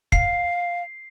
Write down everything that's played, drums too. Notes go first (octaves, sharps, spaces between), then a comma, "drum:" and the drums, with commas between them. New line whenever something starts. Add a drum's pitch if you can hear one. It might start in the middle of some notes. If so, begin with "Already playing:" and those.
F5 C7, drum: kick